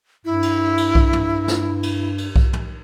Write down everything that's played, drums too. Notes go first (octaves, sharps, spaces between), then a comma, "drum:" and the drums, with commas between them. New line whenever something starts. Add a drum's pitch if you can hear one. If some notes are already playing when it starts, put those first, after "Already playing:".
G2 E4
drum: cymbal
drum: cymbal
drum: kick B1
drum: tom
drum: snare
drum: cymbal
drum: cymbal
drum: kick B1
drum: tom